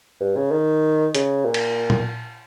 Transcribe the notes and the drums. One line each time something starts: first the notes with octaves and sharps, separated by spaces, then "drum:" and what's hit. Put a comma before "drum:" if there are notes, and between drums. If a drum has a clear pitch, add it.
G2
C#3
D#3
C#3, drum: hi-hat
A#2
drum: cymbal
drum: tom A#2